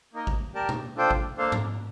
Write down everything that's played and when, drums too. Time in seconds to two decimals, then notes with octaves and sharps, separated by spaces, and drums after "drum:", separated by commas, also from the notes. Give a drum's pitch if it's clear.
0.14 A#3 D#4 A#4 D#5
0.27 drum: kick G#1
0.55 G4 A#4 D5 A5
0.69 drum: tom B2
0.97 D4 F4 A4 C5 G5
1.11 drum: kick G#1
1.38 A#3 D4 A4 C5 F5
1.52 drum: tom G#2